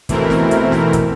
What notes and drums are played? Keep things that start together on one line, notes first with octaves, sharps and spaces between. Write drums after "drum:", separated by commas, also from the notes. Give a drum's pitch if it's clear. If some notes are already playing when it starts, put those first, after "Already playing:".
B2 E3 A3 C4 E4 A#4, drum: kick, hi-hat
drum: snare
drum: hi-hat
drum: snare
drum: kick, hi-hat